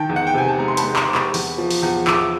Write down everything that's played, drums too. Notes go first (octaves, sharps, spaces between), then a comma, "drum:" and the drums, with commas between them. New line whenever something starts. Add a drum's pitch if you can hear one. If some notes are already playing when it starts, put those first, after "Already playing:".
Already playing: D#3 G5 A5
E2
F#5
G5
C3 G#5
A5
G#3 G#5 A#5
C6
A5 B5, drum: hi-hat
G#3
A#5 C6, drum: clap
C3 D6
B5 C#6, drum: clap
E2, drum: open hi-hat
F3
drum: open hi-hat
E2
E2 D6 E6, drum: clap